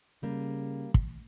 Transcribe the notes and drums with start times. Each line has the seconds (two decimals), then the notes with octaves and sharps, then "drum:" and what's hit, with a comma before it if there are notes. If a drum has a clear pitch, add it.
0.23 C#3 G3 A#3
0.94 drum: kick